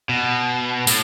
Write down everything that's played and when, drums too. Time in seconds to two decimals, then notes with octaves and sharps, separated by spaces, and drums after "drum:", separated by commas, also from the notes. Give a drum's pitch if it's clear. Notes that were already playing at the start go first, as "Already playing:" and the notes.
0.09 B2
0.87 A2, drum: tambourine